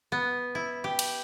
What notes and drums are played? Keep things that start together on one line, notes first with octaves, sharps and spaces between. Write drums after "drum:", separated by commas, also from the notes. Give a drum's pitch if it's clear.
B3
E4
G4
drum: cymbal